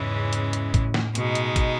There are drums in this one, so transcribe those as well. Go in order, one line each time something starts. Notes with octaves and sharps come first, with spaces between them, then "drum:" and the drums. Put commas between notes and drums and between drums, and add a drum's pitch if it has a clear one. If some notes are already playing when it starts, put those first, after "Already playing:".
Already playing: E2 G#2 C#3 E3 G#3 C#4
drum: hi-hat
drum: hi-hat
A2, drum: kick, hi-hat
drum: snare
B2 G#3 D#4, drum: hi-hat
drum: hi-hat
drum: kick, hi-hat